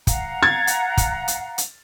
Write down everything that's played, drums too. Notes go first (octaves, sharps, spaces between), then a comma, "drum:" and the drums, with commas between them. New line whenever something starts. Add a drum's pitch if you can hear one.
F5 F#5 A#5, drum: kick, hi-hat
G#6 A6
drum: hi-hat
drum: kick, hi-hat
drum: hi-hat
drum: hi-hat